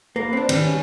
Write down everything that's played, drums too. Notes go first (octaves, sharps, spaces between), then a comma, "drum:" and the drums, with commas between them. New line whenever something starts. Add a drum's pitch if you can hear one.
A#3 B4
C4 D4
D#3 G3 C#4, drum: cymbal